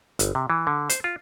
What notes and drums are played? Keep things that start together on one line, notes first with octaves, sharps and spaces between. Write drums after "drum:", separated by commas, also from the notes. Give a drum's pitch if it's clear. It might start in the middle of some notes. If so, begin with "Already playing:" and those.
G1, drum: hi-hat
C3
E3
D3
C5, drum: hi-hat
F4